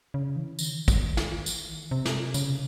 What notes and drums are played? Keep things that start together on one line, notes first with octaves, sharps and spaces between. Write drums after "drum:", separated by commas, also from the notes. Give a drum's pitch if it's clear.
C#3
E3
D#3, drum: tambourine
drum: kick, tambourine
drum: snare
E3, drum: tambourine
D#3
C3
drum: snare
C#3, drum: tambourine